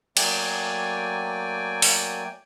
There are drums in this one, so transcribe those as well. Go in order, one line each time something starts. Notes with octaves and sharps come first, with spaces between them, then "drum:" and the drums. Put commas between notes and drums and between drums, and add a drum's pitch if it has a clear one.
F#3 A3 A#3 D5 G5 G#5, drum: cymbal
drum: open hi-hat